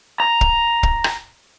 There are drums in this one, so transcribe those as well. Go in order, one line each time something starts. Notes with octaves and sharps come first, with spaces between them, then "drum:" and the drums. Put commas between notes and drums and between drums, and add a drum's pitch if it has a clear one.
A#5
drum: kick
drum: kick
drum: rim click